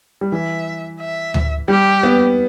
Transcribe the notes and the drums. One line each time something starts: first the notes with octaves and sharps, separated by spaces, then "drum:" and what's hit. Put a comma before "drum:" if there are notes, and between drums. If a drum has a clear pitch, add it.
G3
E3 E5
E5
drum: tom D2
G3 G4
B3